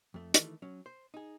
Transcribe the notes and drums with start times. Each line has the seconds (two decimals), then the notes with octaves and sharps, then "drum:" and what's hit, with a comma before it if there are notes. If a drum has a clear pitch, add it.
0.14 F2 A3
0.34 D#3 E3 A3, drum: hi-hat
0.62 F#3 C#4
0.86 C5
1.14 D#4 G#4